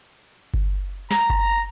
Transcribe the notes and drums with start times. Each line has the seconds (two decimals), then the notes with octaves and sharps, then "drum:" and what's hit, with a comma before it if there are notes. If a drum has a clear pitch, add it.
0.54 drum: kick G1
1.11 A#5, drum: snare
1.30 drum: kick G1